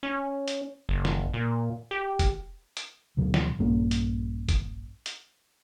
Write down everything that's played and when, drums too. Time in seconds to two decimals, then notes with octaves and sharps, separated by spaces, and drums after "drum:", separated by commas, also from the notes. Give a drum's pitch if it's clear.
0.03 C#4
0.48 drum: hi-hat
0.89 F#1
1.05 drum: snare
1.34 A#2
1.91 G4
2.19 drum: kick, hi-hat
2.77 drum: hi-hat
3.17 D2 B2 F#3
3.34 drum: snare
3.58 A#1 G2 A#3 C#4
3.91 drum: hi-hat
4.49 drum: kick, hi-hat
5.06 drum: hi-hat